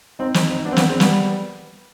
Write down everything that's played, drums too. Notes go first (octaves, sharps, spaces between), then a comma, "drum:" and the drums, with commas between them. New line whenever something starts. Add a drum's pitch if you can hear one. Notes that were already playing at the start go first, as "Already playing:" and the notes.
C4 D#4
C4 D#4, drum: snare
C4 D#4
B3 D4
C4
B3 D4, drum: snare
G#3 C4
G3 B3, drum: snare